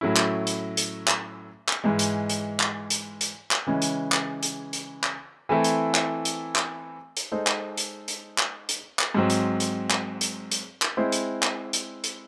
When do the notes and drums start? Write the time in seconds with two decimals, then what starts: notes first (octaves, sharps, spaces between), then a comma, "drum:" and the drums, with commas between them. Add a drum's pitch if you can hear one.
0.01 A2 F#3 A3 C#4 E4
0.16 drum: clap
0.47 drum: hi-hat
0.77 drum: hi-hat
1.08 drum: clap
1.69 drum: clap
1.84 G#2 E3 G#3
1.99 drum: hi-hat
2.30 drum: hi-hat
2.60 drum: clap
2.90 drum: hi-hat
3.21 drum: hi-hat
3.51 drum: clap
3.67 C#3 E3 G#3 C#4
3.82 drum: hi-hat
4.12 drum: clap
4.43 drum: hi-hat
4.73 drum: hi-hat
5.04 drum: clap
5.49 E3 A3 C4 E4 A4
5.64 drum: hi-hat
5.95 drum: clap
6.25 drum: hi-hat
6.56 drum: clap
7.17 drum: hi-hat
7.32 G#3 D#4 A4 C5
7.47 drum: clap
7.77 drum: hi-hat
8.08 drum: hi-hat
8.38 drum: clap
8.69 drum: hi-hat
8.99 drum: clap
9.15 G#2 F#3 C4
9.30 drum: hi-hat
9.60 drum: hi-hat
9.91 drum: clap
10.21 drum: hi-hat
10.51 drum: hi-hat
10.82 drum: clap
10.97 G#3 C4 E4 C5
11.12 drum: hi-hat
11.43 drum: clap
11.73 drum: hi-hat
12.04 drum: hi-hat